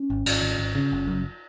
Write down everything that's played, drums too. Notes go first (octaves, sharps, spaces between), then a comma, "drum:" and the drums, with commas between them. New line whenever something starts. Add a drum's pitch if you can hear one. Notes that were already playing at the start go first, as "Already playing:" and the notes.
Already playing: C#4
G#1
G#1, drum: cymbal
G#1
G#1
C#3
F#1
F#2